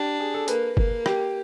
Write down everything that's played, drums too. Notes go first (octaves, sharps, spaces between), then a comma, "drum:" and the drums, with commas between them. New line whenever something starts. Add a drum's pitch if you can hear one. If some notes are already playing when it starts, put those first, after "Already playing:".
Already playing: D4 G4
G#4
A4
A#3 B4, drum: hi-hat
A#3, drum: kick G1
G4, drum: rim click